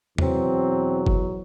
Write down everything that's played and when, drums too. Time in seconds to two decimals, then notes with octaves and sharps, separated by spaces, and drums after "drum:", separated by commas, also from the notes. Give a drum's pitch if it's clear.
0.18 E2 B2 F#3 C4, drum: tom E2
1.06 drum: kick